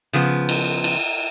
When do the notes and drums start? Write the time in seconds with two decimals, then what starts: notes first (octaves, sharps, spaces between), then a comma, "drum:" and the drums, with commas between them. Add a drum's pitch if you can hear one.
0.13 C#3 F3 B3
0.49 drum: cymbal
0.84 drum: cymbal